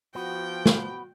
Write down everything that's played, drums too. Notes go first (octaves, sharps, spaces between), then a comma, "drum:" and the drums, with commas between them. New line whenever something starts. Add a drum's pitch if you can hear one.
F3 B3 F#4 G5
drum: snare